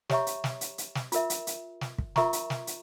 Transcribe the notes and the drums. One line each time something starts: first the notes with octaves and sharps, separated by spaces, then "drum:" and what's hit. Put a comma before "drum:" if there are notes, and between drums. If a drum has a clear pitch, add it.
G4 C#5 E5 A#5 C#6, drum: snare
drum: hi-hat
drum: snare
drum: hi-hat
drum: hi-hat
drum: snare
F4 A#4 E5, drum: hi-hat
drum: hi-hat
drum: hi-hat
drum: snare
drum: kick
F4 A#4 E5 A#5 C#6, drum: snare
drum: hi-hat
drum: snare
drum: hi-hat